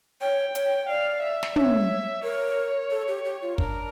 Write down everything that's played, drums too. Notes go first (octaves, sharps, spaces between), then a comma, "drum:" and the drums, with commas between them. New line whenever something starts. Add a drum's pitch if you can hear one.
C#5 G5
C#5, drum: hi-hat
D5 F5
E5
drum: snare
C#5 E5, drum: tom
A#4 C#5
A4
G4
G4
F4
D4 A#4, drum: kick